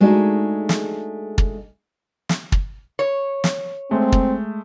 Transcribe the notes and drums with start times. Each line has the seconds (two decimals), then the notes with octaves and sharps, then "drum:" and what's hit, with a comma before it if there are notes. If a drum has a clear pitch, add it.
0.01 G#3 A3 D4 D#4 F#4 G#4
0.69 drum: snare
1.38 drum: kick
2.29 drum: snare
2.52 drum: kick
2.99 C#5
3.44 drum: snare
3.91 G#3 A3 C4
4.12 drum: kick